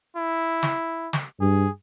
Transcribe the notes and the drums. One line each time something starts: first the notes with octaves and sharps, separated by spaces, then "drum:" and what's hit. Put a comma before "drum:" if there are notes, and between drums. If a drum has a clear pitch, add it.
E4
drum: snare
drum: snare
G2 G#4